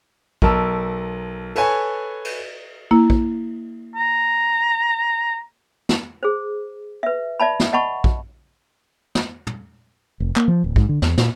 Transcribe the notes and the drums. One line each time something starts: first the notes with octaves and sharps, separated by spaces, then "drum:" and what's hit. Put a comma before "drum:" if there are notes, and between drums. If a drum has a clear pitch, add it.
B1 A#4 A5 E6, drum: kick
A4 B4 C#5 G#5 B5 C#6, drum: cymbal
drum: cymbal
A#3 E4
drum: kick
A#5
drum: snare
G#4 C5
B4 E5
D5 E5 A5 B5
drum: snare
D#5 F#5 A5 B5 C#6
drum: kick
drum: snare
drum: tom
F1
A#3, drum: clap
F3
D1
G#2, drum: kick
D3
E2, drum: snare
A#2, drum: snare